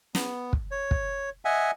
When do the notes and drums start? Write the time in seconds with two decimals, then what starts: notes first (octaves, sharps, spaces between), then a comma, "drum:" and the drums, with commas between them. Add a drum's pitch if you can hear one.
0.15 B3, drum: snare
0.53 drum: kick
0.71 C#5
0.91 drum: kick
1.45 D#5 E5 F#5 G#5